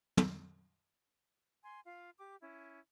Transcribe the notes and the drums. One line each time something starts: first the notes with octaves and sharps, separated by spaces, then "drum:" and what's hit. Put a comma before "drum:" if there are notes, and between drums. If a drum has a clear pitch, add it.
drum: tom
G#5 C6
F4 F5
G4 D6
C#4 E4